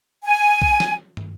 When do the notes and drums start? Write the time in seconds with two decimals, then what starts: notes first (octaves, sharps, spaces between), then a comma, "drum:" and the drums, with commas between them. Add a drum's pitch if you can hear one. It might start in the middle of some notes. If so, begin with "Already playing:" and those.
0.25 G#5
0.62 drum: kick B1
0.80 drum: snare
1.17 drum: tom